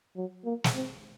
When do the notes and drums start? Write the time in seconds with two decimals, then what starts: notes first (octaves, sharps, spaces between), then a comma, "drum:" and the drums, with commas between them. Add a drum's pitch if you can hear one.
0.17 F#3
0.45 A#3
0.64 drum: snare
0.74 C4